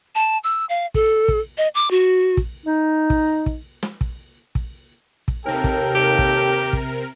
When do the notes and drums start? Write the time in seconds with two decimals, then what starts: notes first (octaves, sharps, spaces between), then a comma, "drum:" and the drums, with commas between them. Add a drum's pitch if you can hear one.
0.15 A5
0.44 E6
0.69 F5
0.94 A4, drum: kick
1.28 drum: kick
1.57 D#5
1.75 D6
1.91 F#4
2.37 drum: kick
2.66 D#4
3.10 drum: kick
3.46 drum: kick
3.83 drum: snare
4.01 drum: kick
4.55 drum: kick
5.28 drum: kick
5.46 D#2 C3 A4 A#4 G5
5.64 drum: kick
5.95 G4
6.19 drum: kick
6.73 drum: kick